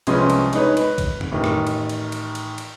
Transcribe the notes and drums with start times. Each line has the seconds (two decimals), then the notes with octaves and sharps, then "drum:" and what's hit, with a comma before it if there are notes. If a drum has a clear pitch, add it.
0.07 C2 F3 G#3 B3 C#4 C6, drum: cymbal
0.30 drum: cymbal
0.53 G#3 D#4 B4 C#5, drum: cymbal
0.77 B4, drum: cymbal
0.98 drum: kick, cymbal
1.21 drum: tom F2
1.32 A1 D#3
1.44 drum: rim click
1.67 drum: cymbal
1.89 drum: cymbal
2.12 drum: cymbal
2.35 drum: cymbal
2.58 drum: cymbal